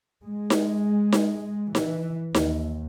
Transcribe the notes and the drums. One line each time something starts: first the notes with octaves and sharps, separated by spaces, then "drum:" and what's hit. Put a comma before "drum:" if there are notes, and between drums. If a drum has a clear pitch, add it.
G#3
drum: snare D#4
drum: snare D#4
E3, drum: snare D#4
D#2, drum: snare D#4